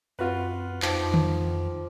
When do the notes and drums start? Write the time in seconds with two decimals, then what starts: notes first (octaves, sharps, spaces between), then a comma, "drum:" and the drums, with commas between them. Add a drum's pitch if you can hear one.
0.19 F#2 C4 F4 F#4 B4
0.82 F2 F3 D#4 G5 D6, drum: clap
1.14 drum: tom D3